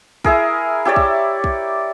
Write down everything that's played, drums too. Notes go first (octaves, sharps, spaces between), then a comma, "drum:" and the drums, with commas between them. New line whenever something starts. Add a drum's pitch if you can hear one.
E4 G#4 A#4, drum: kick
E4 G4 C#5 D5
drum: kick
drum: kick